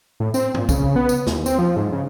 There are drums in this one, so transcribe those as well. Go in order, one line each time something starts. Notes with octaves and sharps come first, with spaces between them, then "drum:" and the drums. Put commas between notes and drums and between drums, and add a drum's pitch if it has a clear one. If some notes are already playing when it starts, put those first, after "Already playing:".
A2
C4, drum: tambourine
A#2, drum: tom G2
C#3, drum: kick, tambourine
B3
drum: tambourine
D#2, drum: snare
C4, drum: tambourine
F3
G#2
C#3